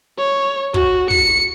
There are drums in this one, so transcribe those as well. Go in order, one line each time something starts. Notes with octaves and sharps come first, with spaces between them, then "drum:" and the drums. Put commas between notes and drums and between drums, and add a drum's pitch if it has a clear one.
C#5
F#4, drum: kick
C#7, drum: kick